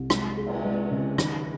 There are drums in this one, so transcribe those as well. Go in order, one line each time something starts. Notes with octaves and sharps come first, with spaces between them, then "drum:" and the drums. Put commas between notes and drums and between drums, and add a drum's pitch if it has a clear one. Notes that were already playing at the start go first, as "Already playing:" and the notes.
Already playing: C2
G#3, drum: rim click
G#4
drum: cymbal
G#3
C#3
D#3, drum: rim click